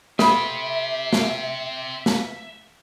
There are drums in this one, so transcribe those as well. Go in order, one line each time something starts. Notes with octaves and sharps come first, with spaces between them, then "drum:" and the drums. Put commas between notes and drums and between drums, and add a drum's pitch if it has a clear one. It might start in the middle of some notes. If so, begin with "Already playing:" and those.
G4 A4 C5 E5 B5, drum: snare
drum: snare
drum: snare